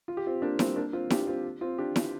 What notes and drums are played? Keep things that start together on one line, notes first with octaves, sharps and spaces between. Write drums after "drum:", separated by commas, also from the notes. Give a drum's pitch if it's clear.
F4
G4
C4 F4
A#3 D4
G3 C4, drum: snare E4
A#3 D4
C4 F4
D4 G4, drum: snare E4
C4 F4
C4 F4
D4 G4
drum: snare E4